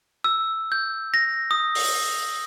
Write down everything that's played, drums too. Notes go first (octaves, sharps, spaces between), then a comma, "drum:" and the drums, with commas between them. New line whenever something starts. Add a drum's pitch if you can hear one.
E6
G6
A#6
D#6
drum: open hi-hat